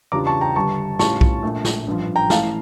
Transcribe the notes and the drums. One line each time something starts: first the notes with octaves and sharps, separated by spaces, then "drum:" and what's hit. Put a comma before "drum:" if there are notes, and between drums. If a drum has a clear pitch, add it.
E2 C#3 G3 D4 F4 A#5 D6
A5 C#6
G5 A#5
G1 G2 D3 G3 A5 C#6
A2 G3 C#4 F4 A5 C#6, drum: snare
drum: kick B1
A#1 A#2 A3
drum: snare
A1 G2 F3
G5 A#5
A1 A2 E3 F5 A5, drum: snare